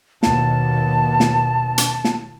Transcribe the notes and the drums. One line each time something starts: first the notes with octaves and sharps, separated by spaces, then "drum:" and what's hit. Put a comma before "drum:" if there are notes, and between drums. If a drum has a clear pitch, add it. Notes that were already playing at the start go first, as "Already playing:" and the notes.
D#2 B2 A5, drum: snare
drum: snare
drum: hi-hat
drum: snare